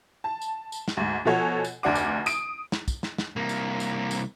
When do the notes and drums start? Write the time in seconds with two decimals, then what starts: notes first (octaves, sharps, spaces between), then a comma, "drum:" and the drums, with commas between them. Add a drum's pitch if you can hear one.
0.24 A5
0.41 drum: tambourine
0.72 drum: tambourine
0.88 drum: snare
0.97 D2 G#2
1.25 B2 F3 F#4 A4 C#5 G#5
1.65 drum: tambourine
1.83 F1 D2 D4 F#5 D6
1.95 drum: tambourine
2.26 D#6 D7, drum: tambourine
2.72 drum: snare
2.88 drum: kick, tambourine
3.03 drum: snare
3.18 drum: snare
3.36 C2 A#3
3.49 drum: tambourine
3.80 drum: tambourine
4.11 drum: tambourine